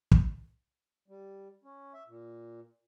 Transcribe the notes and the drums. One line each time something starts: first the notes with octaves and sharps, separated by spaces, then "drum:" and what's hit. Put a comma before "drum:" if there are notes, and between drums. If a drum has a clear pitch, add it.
drum: kick
G3
C#4
E5
A#2